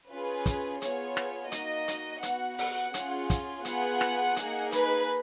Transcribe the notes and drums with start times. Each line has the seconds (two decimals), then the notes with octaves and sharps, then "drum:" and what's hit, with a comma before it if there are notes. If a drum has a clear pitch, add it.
0.10 C#4 F4 G#4 B4
0.46 drum: kick, hi-hat
0.82 B3 F4 G#4 C#5, drum: hi-hat
1.17 drum: rim click
1.52 A#3 D#4 F#4 D#5, drum: hi-hat
1.88 drum: hi-hat
2.23 B3 F#4 F#5, drum: hi-hat
2.59 F#5, drum: open hi-hat
2.94 C#4 F4 G#4, drum: hi-hat
3.30 drum: kick, hi-hat
3.65 B3 F4 G#4 F#5, drum: hi-hat
4.01 drum: rim click
4.36 A#3 D#4 G#4, drum: hi-hat
4.72 B4, drum: hi-hat